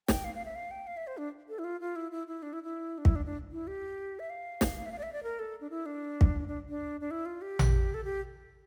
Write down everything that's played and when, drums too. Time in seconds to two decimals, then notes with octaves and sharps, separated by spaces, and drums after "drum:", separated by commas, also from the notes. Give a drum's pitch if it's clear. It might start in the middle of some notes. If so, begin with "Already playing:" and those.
0.08 G5, drum: snare
0.24 F5
0.35 F5
0.45 E5
0.55 F5
0.71 G5
0.87 F5
0.97 E5
1.07 C5
1.17 D4
1.49 A4
1.59 E4
1.64 F4
1.81 F4
1.96 E4
2.11 E4
2.27 E4
2.43 D4
2.53 E4
2.63 E4
2.98 D4
3.05 E4, drum: kick
3.16 D4
3.26 D4
3.52 E4
3.67 G4
4.19 E5
4.30 F5
4.61 drum: snare
4.86 E5
4.92 F5
4.98 D5
5.03 E5
5.13 D5
5.23 A#4
5.39 A4
5.61 D4
5.70 E4
5.86 D4
6.21 drum: kick
6.48 D4
6.69 D4
7.01 D4
7.11 E4
7.26 F4
7.42 G4
7.59 drum: tom A1
7.94 A4
8.04 G4